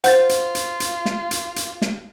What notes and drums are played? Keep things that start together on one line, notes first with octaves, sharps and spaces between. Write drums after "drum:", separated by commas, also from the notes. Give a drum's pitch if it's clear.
F4 C5 F#5 G6 A6, drum: hi-hat
drum: hi-hat
drum: hi-hat
drum: hi-hat
drum: snare
drum: hi-hat
drum: hi-hat
drum: snare